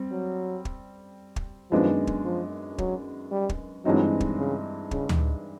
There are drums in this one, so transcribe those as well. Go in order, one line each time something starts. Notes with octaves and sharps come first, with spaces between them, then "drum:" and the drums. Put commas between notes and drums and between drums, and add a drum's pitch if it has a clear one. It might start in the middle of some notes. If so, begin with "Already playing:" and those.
Already playing: G3 C4
F#3
drum: kick
drum: kick
F#2 D#3 F3 G#3 B3 D4
drum: kick
F3
F#3, drum: kick
G3
drum: kick
G2 E3 F#3 G#3 C4 D#4
drum: kick
C#3
C#3, drum: kick
drum: tom D2